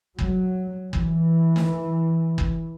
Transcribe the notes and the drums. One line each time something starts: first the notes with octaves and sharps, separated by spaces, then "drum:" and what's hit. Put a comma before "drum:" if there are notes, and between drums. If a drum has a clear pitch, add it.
F#3, drum: kick
E3, drum: kick
drum: snare
drum: kick